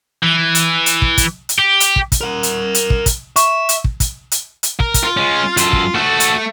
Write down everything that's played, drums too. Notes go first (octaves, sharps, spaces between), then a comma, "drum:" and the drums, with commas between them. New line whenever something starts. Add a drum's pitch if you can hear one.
E3
drum: hi-hat
drum: hi-hat
drum: kick
drum: kick, hi-hat
drum: hi-hat
G4
drum: hi-hat
drum: kick
drum: kick, hi-hat
A#4 F#5
drum: hi-hat
drum: hi-hat
drum: kick
drum: kick, hi-hat
E5 C#6, drum: hi-hat
drum: hi-hat
drum: kick
drum: kick, hi-hat
drum: hi-hat
drum: hi-hat
A#4, drum: kick
drum: kick, hi-hat
F4
G#3 C#4
F#2 F4 A4, drum: hi-hat
drum: kick
A3 F#4 A4
drum: hi-hat